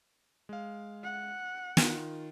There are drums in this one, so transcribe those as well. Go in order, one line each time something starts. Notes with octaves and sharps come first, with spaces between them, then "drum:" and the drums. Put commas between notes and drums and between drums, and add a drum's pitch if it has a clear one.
G#3 F5
F#5
D#3 F4, drum: snare